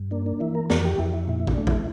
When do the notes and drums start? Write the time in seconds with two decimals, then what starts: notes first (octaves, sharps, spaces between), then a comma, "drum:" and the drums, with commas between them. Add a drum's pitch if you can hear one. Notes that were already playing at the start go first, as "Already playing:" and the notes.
Already playing: G2
0.11 A#3 D4
0.26 D4
0.40 E3 E4
0.55 A#4
0.70 F2 A#4, drum: snare
0.85 G4
0.99 F2 E4
1.13 E4
1.28 A#2 E4
1.40 E4
1.47 D4, drum: kick
1.58 A3
1.67 E4, drum: kick